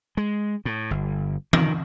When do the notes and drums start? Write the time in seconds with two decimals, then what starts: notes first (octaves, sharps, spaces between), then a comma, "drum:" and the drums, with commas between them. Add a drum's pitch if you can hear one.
0.17 G#3
0.65 A2
0.91 G1
1.53 D#3, drum: tom E3